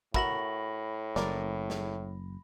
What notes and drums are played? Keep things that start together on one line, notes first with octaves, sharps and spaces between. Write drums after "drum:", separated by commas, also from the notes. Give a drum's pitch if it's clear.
A2 F#4 A#4 E5 B5 A#6 F#7, drum: kick
F#1 A#4 D5, drum: snare
drum: snare